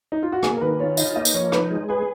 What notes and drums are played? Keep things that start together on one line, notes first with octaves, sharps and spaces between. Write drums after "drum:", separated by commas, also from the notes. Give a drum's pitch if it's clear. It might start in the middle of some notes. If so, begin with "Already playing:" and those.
D#4
F4
F#4
A#3 G#4, drum: rim click
A#4
D#3 B4
F4 C#5
D#4 D#5, drum: tambourine
A#3 D#5
drum: tambourine
F3 C#5
D#4 B4, drum: rim click
G#3
G#4 B4